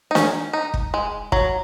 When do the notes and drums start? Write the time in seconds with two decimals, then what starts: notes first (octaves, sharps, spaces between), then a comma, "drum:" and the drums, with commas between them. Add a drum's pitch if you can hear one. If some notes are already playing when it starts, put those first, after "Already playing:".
0.11 D#4
0.15 C#4, drum: snare
0.53 D#4
0.74 drum: kick
0.94 G#3
1.32 F#3, drum: kick